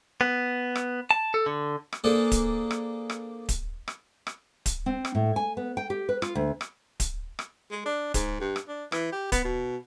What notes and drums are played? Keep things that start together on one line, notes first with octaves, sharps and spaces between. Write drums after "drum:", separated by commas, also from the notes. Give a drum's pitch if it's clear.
B3
drum: rim click
A5
A4
D3
drum: rim click
A#3 D4 G#4 A4 C5
drum: kick D1, hi-hat
drum: rim click
drum: rim click
drum: kick D1, hi-hat
drum: rim click
drum: rim click
drum: kick D1, hi-hat
C4
drum: rim click
A2
G#5
B3
G5
G4
B4
F4, drum: rim click
D2
drum: rim click
drum: kick D1, hi-hat
drum: rim click
G#3
D4
G#2, drum: kick D1, hi-hat
G2
drum: rim click
D4
E3, drum: rim click
G4
B3, drum: kick D1, hi-hat
B2